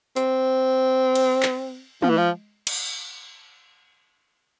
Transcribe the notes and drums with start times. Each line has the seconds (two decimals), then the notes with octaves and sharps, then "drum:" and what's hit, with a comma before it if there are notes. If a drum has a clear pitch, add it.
0.16 C4, drum: hi-hat
1.15 drum: cymbal
1.43 drum: clap
2.02 F3, drum: tom
2.09 E3
2.17 F3
2.67 drum: cymbal